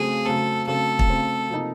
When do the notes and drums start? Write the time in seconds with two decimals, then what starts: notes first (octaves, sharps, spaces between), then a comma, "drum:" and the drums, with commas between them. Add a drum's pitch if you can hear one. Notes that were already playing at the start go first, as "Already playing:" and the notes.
Already playing: C#3 F#3 A3 C4 G#4
0.26 C#3 F#3 A3 C4 A4
0.67 C#3 F#3 A3 C4 A4
0.99 drum: kick
1.09 C#3 F#3 A3 C4
1.50 C3 F3 A#3 D#4